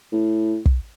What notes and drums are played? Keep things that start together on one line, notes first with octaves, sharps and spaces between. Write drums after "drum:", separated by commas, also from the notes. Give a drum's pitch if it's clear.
A2
drum: kick